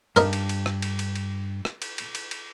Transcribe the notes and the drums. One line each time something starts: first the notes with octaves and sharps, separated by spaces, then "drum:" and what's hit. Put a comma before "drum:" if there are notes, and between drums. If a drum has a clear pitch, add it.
G2 D#4 A#4, drum: cymbal
drum: cymbal
drum: cymbal
drum: rim click
drum: cymbal
drum: cymbal
drum: cymbal
drum: rim click
drum: cymbal
drum: cymbal
drum: cymbal
drum: cymbal